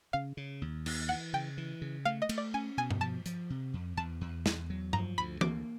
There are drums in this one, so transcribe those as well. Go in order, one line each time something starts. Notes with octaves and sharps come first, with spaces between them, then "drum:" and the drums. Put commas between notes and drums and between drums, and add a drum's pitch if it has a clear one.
C#3 F5
C#3
D#2
D#2, drum: cymbal
E3 F#5
C#3 G5
E3
C#3
A3 F5
D#5
A3, drum: cymbal
D5
C#4 G#5
B2 G#5
drum: tom G2
F3 A5
F3, drum: hi-hat
C3
F2
E2 A5
E2
E2, drum: snare
F#3
F3 A#5, drum: tom G2
D2 B5
A#3 D6, drum: tom E3